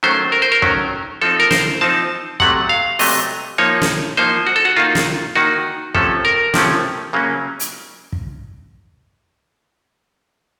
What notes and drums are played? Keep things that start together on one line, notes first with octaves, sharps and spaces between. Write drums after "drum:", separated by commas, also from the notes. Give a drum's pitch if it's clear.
D#3 F#3 A3 C#4 C5
A#4
C5
A#4
D#3 F#3 A3 C#4, drum: kick
F3 C4 D#4 A4
A#4
C5, drum: snare
F3 C4 D#4 A5
C3 F#3 A3 F#5, drum: kick
F5
C3 F#3 A3 D#5, drum: open hi-hat
F3 A#3 D#4 C#5
drum: snare
F3 A#3 D#4 C5
F#4
A4
F#4
D#3 A#3 D#4 F4
drum: snare
D#3 A#3 D#4 F#4
C3 F3 A3 C#4 A4, drum: kick
A#4
C3 F3 A3 C#4, drum: snare
C#3 F#3 A#3 C#4
drum: hi-hat
drum: kick